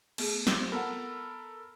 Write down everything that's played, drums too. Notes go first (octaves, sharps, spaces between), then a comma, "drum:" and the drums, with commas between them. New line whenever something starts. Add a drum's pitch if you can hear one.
A3 B3 G#4, drum: cymbal
C4 F4 G4, drum: snare
B3 A4 A#4 F#5 B5